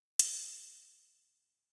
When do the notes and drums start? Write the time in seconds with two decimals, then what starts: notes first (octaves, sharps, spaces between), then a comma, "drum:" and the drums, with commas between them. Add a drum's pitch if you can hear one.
0.19 G3 B3, drum: hi-hat
0.51 C3
1.14 G#2